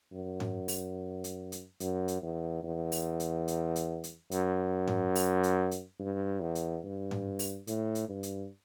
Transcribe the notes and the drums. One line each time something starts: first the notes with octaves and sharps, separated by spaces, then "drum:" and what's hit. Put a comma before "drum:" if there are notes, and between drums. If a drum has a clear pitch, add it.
F#2
drum: tom G#2
drum: open hi-hat
drum: hi-hat
drum: hi-hat
F#2, drum: hi-hat
drum: hi-hat
E2
E2
drum: open hi-hat
drum: hi-hat
drum: hi-hat
drum: hi-hat
drum: hi-hat
F#2, drum: hi-hat
drum: tom G#2
drum: open hi-hat
drum: hi-hat
drum: hi-hat
G2
E2
drum: hi-hat
G2
drum: tom G#2
drum: open hi-hat
A2, drum: hi-hat
drum: hi-hat
G2
drum: hi-hat